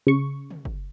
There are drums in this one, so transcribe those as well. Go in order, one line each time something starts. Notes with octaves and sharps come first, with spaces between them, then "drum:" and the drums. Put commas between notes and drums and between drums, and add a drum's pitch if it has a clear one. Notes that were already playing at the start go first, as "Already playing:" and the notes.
C#3 C#6
drum: tom
drum: kick F#1